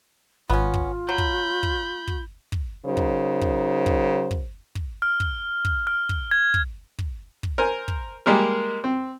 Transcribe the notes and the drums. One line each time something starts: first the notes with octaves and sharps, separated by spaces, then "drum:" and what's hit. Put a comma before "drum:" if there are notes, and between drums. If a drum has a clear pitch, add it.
G#1 B3 C#4 F4
drum: kick
F#3 B5 G6
drum: kick
drum: kick
drum: kick
drum: kick
C#3 F#3 D#4 A#4 C5
drum: kick
drum: kick
drum: kick
drum: kick
drum: kick
F6
drum: kick
drum: kick
F6
drum: kick
G#6
drum: kick
drum: kick
drum: kick
A#4 C5 G#5
drum: kick
G3 G#3 A#3 A#4
C4